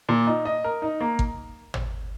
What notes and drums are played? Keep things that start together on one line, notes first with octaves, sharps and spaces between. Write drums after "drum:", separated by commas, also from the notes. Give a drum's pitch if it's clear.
A#2
D#4
D#5
A#4
D#4
A#3
drum: kick G#1
drum: tom